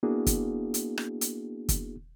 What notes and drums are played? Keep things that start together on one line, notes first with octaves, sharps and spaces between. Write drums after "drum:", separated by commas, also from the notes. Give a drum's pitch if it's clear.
A#3 B3 D4 E4 F#4 G#4
drum: kick, hi-hat
drum: hi-hat
drum: rim click
drum: hi-hat
drum: kick, hi-hat